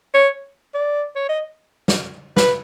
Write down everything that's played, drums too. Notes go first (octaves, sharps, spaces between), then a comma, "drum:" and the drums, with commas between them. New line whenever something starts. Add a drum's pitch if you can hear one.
C#5
D5
C#5
D#5
drum: snare
B4, drum: snare